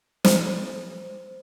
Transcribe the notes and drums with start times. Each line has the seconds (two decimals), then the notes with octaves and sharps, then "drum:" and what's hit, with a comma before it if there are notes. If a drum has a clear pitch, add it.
0.24 C5, drum: snare